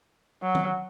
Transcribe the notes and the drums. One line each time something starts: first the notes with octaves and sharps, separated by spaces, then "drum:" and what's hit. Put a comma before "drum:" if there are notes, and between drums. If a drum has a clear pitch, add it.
F#3
drum: tom D#3